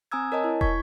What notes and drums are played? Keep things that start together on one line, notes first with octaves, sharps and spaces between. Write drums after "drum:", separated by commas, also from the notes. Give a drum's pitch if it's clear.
C4 G#5 A#5 D#6 E6 G#6
A#4 C#5 D#5 G#5 A5
E4
C#6 G#6 B6, drum: kick